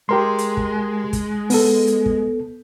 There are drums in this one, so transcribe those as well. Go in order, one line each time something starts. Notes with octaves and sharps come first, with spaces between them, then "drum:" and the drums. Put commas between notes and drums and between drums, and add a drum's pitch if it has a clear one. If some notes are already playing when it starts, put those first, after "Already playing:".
G#3 G4 A#4 C6
drum: hi-hat
drum: kick
drum: kick, hi-hat
B3 A4, drum: open hi-hat
drum: hi-hat
drum: kick